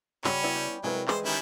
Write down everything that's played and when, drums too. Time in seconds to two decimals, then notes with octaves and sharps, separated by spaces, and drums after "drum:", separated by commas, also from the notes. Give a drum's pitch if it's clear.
0.24 C#3 G3 C#4 F#4 C#5, drum: clap
0.43 B3 E4 D5
0.55 G5
0.84 C3 F#3 G#3 E4 G#4 A#4 B4
1.08 E3 G#3 G#4 B4 C5, drum: clap
1.25 D#3 G3 C#4 E4